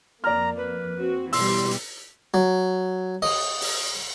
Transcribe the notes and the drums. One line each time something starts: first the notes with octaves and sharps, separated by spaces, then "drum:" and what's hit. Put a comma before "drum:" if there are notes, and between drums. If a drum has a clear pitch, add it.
F2 A#3 D5 A#5 F6
B4
C4 F#4
B2 E3 G3 C6 E6, drum: open hi-hat
drum: hi-hat
F#3
D#5, drum: cymbal
drum: open hi-hat